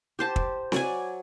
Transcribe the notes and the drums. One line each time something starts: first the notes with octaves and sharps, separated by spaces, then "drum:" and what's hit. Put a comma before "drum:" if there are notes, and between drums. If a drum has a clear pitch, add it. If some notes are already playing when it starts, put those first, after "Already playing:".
G4 C5 A5
drum: kick
F#3 D5 G#5, drum: snare C4